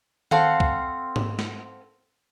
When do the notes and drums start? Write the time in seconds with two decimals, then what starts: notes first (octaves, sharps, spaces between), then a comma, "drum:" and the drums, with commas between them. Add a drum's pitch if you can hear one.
0.31 C4 A4 F5 F#5, drum: tom D#3
0.60 drum: kick
1.16 drum: tom G#2
1.39 drum: snare